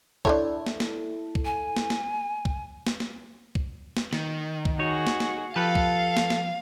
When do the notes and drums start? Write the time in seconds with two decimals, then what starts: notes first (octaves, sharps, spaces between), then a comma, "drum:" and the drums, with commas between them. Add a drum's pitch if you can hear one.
0.25 D4 E4 A4 C5 C#5, drum: kick
0.66 drum: snare
0.80 drum: snare
1.35 drum: kick
1.45 G#5
1.77 drum: snare
1.90 drum: snare
2.45 drum: kick
2.87 drum: snare
3.00 drum: snare
3.55 drum: kick
3.97 drum: snare
4.13 D#3, drum: snare
4.65 drum: kick
4.79 D#4 F#4 G#4 C#5
5.07 drum: snare
5.20 drum: snare
5.56 F3 G4 A4 B4 F5 A5
5.75 drum: kick
6.17 drum: snare
6.30 drum: snare